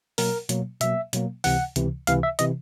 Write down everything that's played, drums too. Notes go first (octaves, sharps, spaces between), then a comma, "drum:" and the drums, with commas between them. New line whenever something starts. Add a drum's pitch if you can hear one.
B2 F#3 A#3 A#4, drum: open hi-hat
B2 F#3 A#3, drum: hi-hat
B2 F#3 A#3 E5, drum: hi-hat
B2 F#3 A#3, drum: hi-hat
C#2 C3 E3 F#5, drum: open hi-hat
C#2 C3 E3, drum: hi-hat
C#2 C3 E3 F5, drum: hi-hat
E5
C3 E3 D#5, drum: hi-hat